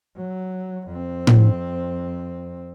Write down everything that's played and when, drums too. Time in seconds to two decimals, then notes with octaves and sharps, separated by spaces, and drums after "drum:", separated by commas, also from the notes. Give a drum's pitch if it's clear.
0.17 F#3
0.87 F2 C4
1.27 drum: tom A2